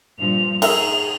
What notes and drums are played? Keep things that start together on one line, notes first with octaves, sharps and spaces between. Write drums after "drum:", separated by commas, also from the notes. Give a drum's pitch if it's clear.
G2 A#2 F3 F7
D#4 G#4 A#4 E5, drum: cymbal